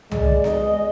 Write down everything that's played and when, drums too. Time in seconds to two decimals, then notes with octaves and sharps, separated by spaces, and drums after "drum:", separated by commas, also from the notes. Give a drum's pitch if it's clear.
0.11 G#3 D5, drum: tom
0.44 D#5, drum: snare B3